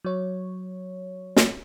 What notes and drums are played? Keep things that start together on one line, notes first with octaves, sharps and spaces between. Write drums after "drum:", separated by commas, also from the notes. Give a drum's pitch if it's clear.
F#3 C#5
drum: snare